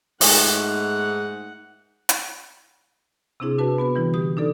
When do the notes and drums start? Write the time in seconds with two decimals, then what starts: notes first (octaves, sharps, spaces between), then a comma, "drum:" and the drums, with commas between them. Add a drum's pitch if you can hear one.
0.21 G#2 A3 D#4 F#5, drum: open hi-hat
2.09 drum: hi-hat
3.40 C3 C4 D4 E4 G#4
3.58 D4 F#4 B4 A5
3.78 B3 F#4 B4
3.95 D3 E3 G3 E4
4.14 G4 D#6
4.37 D4 D#4 A4 D5